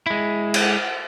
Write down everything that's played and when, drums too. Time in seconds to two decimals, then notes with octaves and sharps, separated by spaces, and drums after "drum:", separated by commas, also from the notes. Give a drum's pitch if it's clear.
0.06 G#3 E4
0.54 drum: cymbal